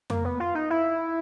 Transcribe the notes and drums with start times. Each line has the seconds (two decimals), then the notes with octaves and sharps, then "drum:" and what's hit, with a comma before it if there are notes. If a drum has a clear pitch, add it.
0.10 A#3, drum: tom F2
0.25 B3
0.40 F4
0.55 D#4
0.70 E4